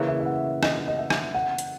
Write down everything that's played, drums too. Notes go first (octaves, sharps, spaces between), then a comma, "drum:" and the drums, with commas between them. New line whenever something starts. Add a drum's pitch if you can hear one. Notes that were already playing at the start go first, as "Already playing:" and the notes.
Already playing: C#3 E3 A#3
E5
E5
F#5
D#5, drum: rim click
D#5
E5
drum: rim click
F#5
drum: hi-hat